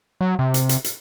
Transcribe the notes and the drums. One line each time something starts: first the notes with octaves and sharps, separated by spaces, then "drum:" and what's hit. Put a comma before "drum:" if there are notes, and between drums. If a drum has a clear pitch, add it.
F#3
C3
drum: hi-hat
drum: hi-hat
drum: hi-hat